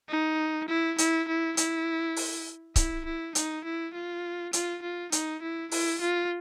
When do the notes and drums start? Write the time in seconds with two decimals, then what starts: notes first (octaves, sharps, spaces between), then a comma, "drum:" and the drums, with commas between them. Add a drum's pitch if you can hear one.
0.09 D#4
0.68 E4
0.98 E4, drum: hi-hat
1.28 E4
1.57 E4, drum: hi-hat
2.16 drum: open hi-hat
2.76 E4, drum: kick C#1, hi-hat
3.05 E4
3.35 D#4, drum: hi-hat
3.64 E4
3.94 F4
4.53 F4, drum: hi-hat
4.82 F4
5.12 D#4, drum: hi-hat
5.42 E4
5.71 E4, drum: open hi-hat
6.01 F4